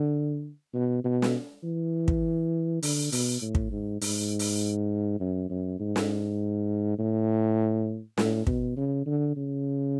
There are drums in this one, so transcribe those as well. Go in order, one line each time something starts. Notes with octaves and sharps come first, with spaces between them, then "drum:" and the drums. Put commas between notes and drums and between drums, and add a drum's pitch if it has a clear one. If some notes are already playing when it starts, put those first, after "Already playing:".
Already playing: D3
B2
B2
drum: snare
E3
drum: kick
D3, drum: open hi-hat
B2, drum: open hi-hat
A2
drum: kick
G#2
G#2, drum: open hi-hat
drum: open hi-hat
F#2
F#2
G#2
drum: snare
A2
A2, drum: snare
B2, drum: kick
C#3
D3
C#3